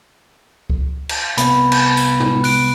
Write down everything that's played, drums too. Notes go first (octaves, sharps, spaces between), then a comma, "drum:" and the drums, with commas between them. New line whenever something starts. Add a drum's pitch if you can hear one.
drum: kick C#2
drum: cymbal
C2 B3 B5, drum: hi-hat
drum: cymbal
drum: tambourine
drum: tom
F#6 D7, drum: open hi-hat